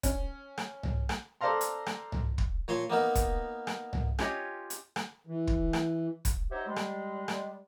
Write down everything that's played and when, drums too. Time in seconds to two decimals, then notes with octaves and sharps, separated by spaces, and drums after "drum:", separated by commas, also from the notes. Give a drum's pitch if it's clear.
0.03 C#4, drum: kick, hi-hat
0.58 drum: rim click
0.83 drum: tom
1.09 drum: rim click
1.41 A4 C5 D5 F5 A#5 C6
1.61 drum: hi-hat
1.86 drum: rim click
2.12 drum: tom
2.38 drum: kick
2.68 A#2 C#5 A5 C6
2.90 A#3 B3 D#4 A#4
3.15 drum: kick, hi-hat
3.67 drum: rim click
3.93 drum: tom
4.19 C#4 F4 G4 C#5 D#5, drum: rim click
4.70 drum: hi-hat
4.96 drum: rim click
5.27 E3
5.47 drum: kick
5.73 drum: rim click
6.25 drum: kick, hi-hat
6.51 D#4 F#4 G4 C5 C#5 E5
6.66 G3 G#3
6.76 drum: rim click
7.28 drum: rim click